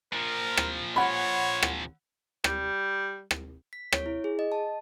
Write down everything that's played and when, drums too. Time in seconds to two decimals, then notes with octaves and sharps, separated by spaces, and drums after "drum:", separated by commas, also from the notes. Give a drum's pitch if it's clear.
0.13 A#2 F3 A#4
0.57 drum: rim click
0.96 C#5 F#5 B5
1.63 drum: rim click
2.44 G3, drum: rim click
3.31 drum: rim click
3.73 B6
3.92 C#5, drum: rim click
4.06 E4
4.24 G#4
4.39 D#5
4.52 A5